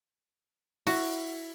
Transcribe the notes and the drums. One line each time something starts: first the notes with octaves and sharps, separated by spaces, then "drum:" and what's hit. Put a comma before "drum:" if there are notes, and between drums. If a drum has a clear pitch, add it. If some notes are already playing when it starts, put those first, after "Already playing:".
E4 F#4, drum: open hi-hat